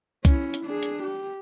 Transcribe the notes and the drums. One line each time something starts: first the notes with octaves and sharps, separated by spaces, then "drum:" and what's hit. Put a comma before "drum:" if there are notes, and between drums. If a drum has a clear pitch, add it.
C#4 E4, drum: kick C2, hi-hat
drum: hi-hat
D4 G#4
drum: hi-hat
G4